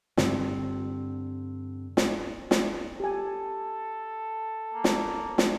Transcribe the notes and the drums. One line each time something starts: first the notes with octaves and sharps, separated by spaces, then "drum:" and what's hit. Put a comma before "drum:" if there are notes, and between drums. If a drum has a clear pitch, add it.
G2 D3 G3 C4, drum: snare
drum: snare
drum: snare
G4 A4 G#5
A#3
drum: snare
drum: snare